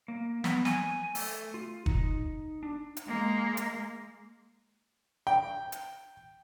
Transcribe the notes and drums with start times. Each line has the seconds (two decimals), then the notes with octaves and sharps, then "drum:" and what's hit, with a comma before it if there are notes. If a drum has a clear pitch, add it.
0.08 A#3
0.44 B3, drum: snare
0.65 G#5, drum: snare
1.15 A3, drum: open hi-hat
1.54 F4
1.86 D#4, drum: kick
2.63 D4
2.97 drum: hi-hat
3.07 G#3 A#3
3.57 drum: hi-hat
5.27 G5
5.72 drum: hi-hat